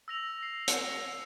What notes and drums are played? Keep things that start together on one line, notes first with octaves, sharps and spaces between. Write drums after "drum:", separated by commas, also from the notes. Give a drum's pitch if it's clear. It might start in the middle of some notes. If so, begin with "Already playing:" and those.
E6 A#6 F7
C7
drum: hi-hat